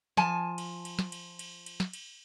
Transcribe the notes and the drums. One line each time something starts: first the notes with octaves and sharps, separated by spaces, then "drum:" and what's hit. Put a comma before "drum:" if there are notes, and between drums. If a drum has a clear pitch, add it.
F3 G#5 A5, drum: snare
drum: cymbal
drum: cymbal
drum: snare
drum: cymbal
drum: cymbal
drum: cymbal
drum: snare
drum: cymbal